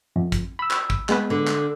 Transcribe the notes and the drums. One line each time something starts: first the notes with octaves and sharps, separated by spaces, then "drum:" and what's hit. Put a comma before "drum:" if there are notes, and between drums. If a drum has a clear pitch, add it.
F2
drum: kick, hi-hat
B5 E6
drum: clap
drum: kick
G#3 B3 B4, drum: clap
D3
drum: clap